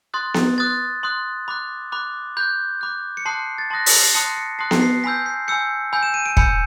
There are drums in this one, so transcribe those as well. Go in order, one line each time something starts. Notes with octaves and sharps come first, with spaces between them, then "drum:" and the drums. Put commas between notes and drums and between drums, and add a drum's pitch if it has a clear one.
C6 D#6 F#6 A6
drum: snare B3
C6 D#6 F#6 A6
C6 D#6 F#6
B5 D6 F#6
B5 D6 F#6
B5 D6 F#6 G6
B5 D6 F#6
C#7
A5 C6 D#6 F#6 C7
A6
A5 C6 D#6 F#6 A#6
B6, drum: open hi-hat
C7
A5 C6 D#6 F#6 C#7
C#7
A5 C6 D#6 F#6 C7
drum: snare B3
C7
G#5 B5 E6 G6 B6
C7
G#5 B5 E6 G6 C#7
G#5 B5 E6 G6
E7
D#7
D7
G#5 B5 E6 G6 C#7, drum: kick